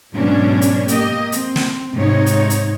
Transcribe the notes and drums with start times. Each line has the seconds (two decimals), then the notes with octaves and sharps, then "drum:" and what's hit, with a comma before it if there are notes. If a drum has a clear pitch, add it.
0.13 G#2 B2 F#3 C#4 D4
0.62 drum: hi-hat
0.88 A#3 G4 D#5, drum: hi-hat
1.32 C4, drum: hi-hat
1.56 drum: snare
1.94 G#2 C3 D#4 C#5
2.26 drum: hi-hat
2.50 drum: hi-hat